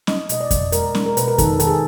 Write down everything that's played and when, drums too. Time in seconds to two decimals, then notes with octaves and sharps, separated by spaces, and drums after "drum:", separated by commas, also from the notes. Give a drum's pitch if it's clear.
0.07 G#3 D#5, drum: snare C#4
0.29 B2 D#5, drum: hi-hat
0.41 D5
0.51 B2, drum: kick F2, hi-hat
0.72 G#3 A#4, drum: hi-hat
0.95 G#3, drum: snare C#4
1.06 A#4
1.17 B2 B4, drum: hi-hat
1.28 A#4
1.38 D#3 A4, drum: kick F2, hi-hat
1.60 D#3 A4, drum: hi-hat
1.67 G#4